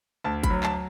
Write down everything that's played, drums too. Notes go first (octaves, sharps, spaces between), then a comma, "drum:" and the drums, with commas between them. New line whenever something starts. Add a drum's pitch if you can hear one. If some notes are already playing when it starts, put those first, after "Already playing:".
D2 A5
B5, drum: kick G1, hi-hat
F#3
A5, drum: clap